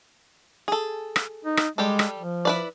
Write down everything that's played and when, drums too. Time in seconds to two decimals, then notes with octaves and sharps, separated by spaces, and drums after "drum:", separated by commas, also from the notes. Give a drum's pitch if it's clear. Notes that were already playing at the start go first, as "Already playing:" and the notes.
0.68 G#4 A4
1.16 drum: rim click
1.45 D#4
1.57 drum: rim click
1.78 G3 G#3 G4 A4
1.99 drum: rim click
2.18 F3
2.45 E4 B4 D5